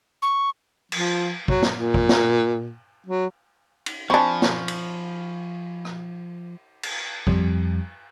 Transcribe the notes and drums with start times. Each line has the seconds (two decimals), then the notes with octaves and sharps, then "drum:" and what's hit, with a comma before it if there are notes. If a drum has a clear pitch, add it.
0.22 C#6
0.92 F3, drum: cymbal
1.48 F#3, drum: kick
1.62 drum: snare
1.73 A#2
1.94 drum: kick
2.09 drum: snare
3.07 F#3
3.86 drum: cymbal
4.10 F3 C4 D4 G#5 B5 C#6
4.42 drum: snare
4.68 drum: cymbal
5.85 drum: rim click
6.83 drum: cymbal
7.27 F2 G3, drum: kick